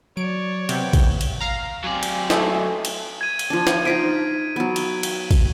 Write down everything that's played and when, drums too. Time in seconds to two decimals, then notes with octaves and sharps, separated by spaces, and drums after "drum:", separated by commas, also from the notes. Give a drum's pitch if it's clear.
0.17 F#3 C#5 D5 D7
0.69 C3 B3 G5, drum: cymbal
0.93 drum: kick, cymbal
1.21 drum: cymbal
1.41 F5 A#5
1.84 F#3 C4 D5 G#5
2.03 drum: cymbal
2.30 G#3 A3 A4 D#5, drum: snare
2.85 drum: cymbal
3.21 G#6 D#7
3.39 drum: cymbal
3.50 F3 D4
3.67 drum: snare
3.85 D#4 F4 C5 B6 D7 D#7
4.56 F#3 B3
4.76 drum: cymbal
5.03 drum: cymbal
5.31 drum: kick, cymbal